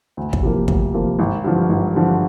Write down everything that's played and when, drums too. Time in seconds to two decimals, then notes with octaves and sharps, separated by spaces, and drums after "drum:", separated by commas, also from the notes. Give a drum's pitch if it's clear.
0.17 D2
0.33 drum: kick
0.43 C3 F3 A#3
0.68 D2, drum: kick
0.94 C3 F3 A#3
1.19 G#1
1.44 G2 D3 F3
1.69 G#1
1.95 G2 D3 F3